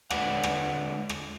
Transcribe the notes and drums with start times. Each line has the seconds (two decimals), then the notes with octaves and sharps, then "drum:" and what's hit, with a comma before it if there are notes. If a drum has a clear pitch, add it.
0.10 D3 G#3 B4 D5 F#5, drum: rim click
0.43 drum: rim click
1.09 drum: rim click